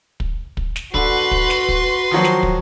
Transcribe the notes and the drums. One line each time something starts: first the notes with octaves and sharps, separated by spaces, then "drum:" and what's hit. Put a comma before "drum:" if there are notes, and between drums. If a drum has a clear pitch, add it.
drum: kick
drum: kick
drum: snare
D3 F#4 B4 C6, drum: kick
drum: kick
drum: snare
drum: kick
D#3 F3 F#3
drum: snare
drum: kick